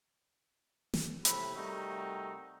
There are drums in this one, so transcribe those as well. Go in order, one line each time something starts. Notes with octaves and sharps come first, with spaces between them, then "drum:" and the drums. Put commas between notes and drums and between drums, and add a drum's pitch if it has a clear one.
drum: snare
A2 C3 E5 B5, drum: hi-hat
C3 G3 A3 D#4 F#4 A#4